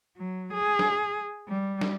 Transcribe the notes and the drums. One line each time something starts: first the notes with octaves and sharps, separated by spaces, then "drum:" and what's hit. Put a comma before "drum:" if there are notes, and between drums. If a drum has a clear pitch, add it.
F#3
G#4
drum: snare
G3
drum: snare